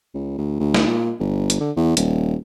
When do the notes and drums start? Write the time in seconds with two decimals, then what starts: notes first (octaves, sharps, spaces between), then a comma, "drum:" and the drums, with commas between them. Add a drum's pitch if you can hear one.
0.14 C#2
0.38 D2
0.60 D2
0.74 drum: snare
0.87 A#2
1.20 G1
1.50 drum: hi-hat
1.60 D3
1.77 E2
1.97 D#1, drum: hi-hat